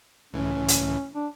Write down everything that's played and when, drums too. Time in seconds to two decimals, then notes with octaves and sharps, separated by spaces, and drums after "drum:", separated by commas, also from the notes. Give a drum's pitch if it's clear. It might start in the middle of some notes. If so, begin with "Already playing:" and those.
0.33 C#2 A2 E3 C#4
0.68 drum: hi-hat
1.14 D4